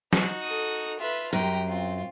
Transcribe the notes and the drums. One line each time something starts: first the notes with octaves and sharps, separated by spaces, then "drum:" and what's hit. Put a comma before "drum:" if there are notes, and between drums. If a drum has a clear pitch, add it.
D#4 F#4, drum: snare
A4 D#6
F4 B4 E5
F#2 G4 G5 A#5
C4 F4